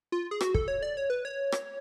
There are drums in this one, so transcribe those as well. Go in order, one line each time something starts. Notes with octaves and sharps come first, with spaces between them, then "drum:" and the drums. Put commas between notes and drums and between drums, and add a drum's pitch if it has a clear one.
F4
G#4
F#4, drum: rim click
A4, drum: kick
C#5
D5
C#5
B4
C#5
drum: rim click